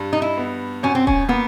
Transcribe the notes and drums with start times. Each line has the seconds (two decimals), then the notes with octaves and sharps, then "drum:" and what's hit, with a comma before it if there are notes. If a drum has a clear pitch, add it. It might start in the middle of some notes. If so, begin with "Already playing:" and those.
Already playing: G2
0.13 D#4
0.22 E4
0.38 B3
0.83 F#2 C#4
0.95 C4
1.07 C#4, drum: kick D#1
1.29 A#3 B3